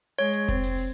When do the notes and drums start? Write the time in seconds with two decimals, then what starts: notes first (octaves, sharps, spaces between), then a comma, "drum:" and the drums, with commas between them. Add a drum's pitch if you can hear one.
0.18 G#3 C#5
0.33 drum: hi-hat
0.48 C4, drum: kick F1, hi-hat
0.63 drum: open hi-hat
0.78 drum: hi-hat